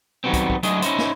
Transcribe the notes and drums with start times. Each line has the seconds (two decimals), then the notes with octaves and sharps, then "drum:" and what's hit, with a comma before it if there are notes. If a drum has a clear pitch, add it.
0.24 D#3 F#3 G3 A3 B3 C4
0.33 drum: kick, hi-hat
0.50 drum: kick
0.63 F#3 A3 D4 E4 G#4 D#5, drum: hi-hat
0.82 C#4 D#4 E4 C5, drum: hi-hat
0.98 drum: snare